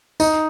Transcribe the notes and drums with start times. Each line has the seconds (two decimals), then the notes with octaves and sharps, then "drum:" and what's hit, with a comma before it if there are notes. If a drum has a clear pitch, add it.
0.20 D#4, drum: tambourine